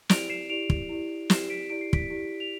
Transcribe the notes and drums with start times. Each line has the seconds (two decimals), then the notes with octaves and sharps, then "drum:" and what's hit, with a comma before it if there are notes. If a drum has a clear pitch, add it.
0.09 E4 G4 D5 D7 F7, drum: snare
0.30 C7 E7
0.49 E4 G4 D5 D7 F7
0.70 drum: kick
0.89 E4 G4 D5
1.30 E4 G4 D5 C7 E7, drum: snare
1.50 B6 D7
1.70 E4 G4 D5 D7
1.81 C7
1.93 B6 D7, drum: kick
2.10 E4 G4 D5
2.40 F7